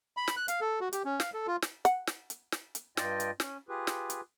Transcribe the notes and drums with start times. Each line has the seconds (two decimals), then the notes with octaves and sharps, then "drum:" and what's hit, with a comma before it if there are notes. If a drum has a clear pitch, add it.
0.17 B5
0.28 drum: snare
0.37 F#6
0.48 F5, drum: hi-hat
0.61 A4
0.81 F#4
0.93 G4, drum: hi-hat
1.05 C#4
1.20 F5, drum: snare
1.34 A4
1.47 F4
1.62 drum: snare
1.85 F#5, drum: hi-hat
2.07 drum: snare
2.30 drum: hi-hat
2.52 drum: snare
2.75 drum: hi-hat
2.97 G2 F4 D5 D#5 G5, drum: snare
3.20 drum: hi-hat
3.40 C#4, drum: snare
3.69 F4 G4 G#4 B4
3.87 drum: snare
4.10 drum: hi-hat